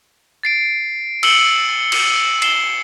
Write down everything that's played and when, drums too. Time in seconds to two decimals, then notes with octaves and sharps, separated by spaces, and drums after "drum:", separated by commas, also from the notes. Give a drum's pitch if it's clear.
0.43 A6 C7 D7
1.23 E6 C#7 F#7 G7, drum: cymbal
1.92 drum: cymbal
2.42 C7 E7 G7, drum: cymbal